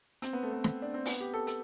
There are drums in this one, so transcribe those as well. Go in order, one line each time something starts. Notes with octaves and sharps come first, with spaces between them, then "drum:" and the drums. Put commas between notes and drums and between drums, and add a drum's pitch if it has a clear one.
C4, drum: hi-hat
B3
A3
B3
drum: snare
D4
C4
B3, drum: open hi-hat
G4
A4
A4, drum: hi-hat